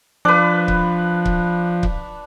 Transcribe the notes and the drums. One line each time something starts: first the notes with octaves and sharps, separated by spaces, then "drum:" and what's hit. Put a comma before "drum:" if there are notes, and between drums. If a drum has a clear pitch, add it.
F3 D4 B4
drum: kick C#1
drum: kick C#1
drum: kick C#1